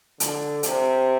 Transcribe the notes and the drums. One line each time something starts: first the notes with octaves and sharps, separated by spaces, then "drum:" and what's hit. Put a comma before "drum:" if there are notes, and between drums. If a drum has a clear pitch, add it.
D3, drum: hi-hat
C3, drum: hi-hat